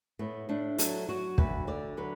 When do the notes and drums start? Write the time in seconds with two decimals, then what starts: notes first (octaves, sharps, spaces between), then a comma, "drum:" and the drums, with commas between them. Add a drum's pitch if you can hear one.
0.19 A2 B3
0.49 A2 D4
0.78 F#3 A4, drum: hi-hat
1.09 F#3 F#4
1.38 D2 B4, drum: kick
1.67 D3 D5
1.97 F#3 B4